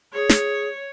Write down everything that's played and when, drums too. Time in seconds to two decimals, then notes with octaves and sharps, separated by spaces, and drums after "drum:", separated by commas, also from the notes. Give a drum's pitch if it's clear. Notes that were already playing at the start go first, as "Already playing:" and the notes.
0.14 G#4 C#5
0.29 drum: snare